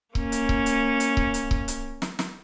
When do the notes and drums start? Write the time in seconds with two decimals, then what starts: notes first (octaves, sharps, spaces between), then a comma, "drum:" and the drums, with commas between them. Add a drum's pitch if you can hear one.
0.15 A#3 C#4, drum: kick C#1
0.32 drum: hi-hat
0.49 drum: kick C#1
0.66 drum: hi-hat
1.00 drum: hi-hat
1.17 drum: kick C#1
1.34 drum: hi-hat
1.51 drum: kick C#1
1.68 drum: hi-hat
2.02 drum: snare
2.19 drum: snare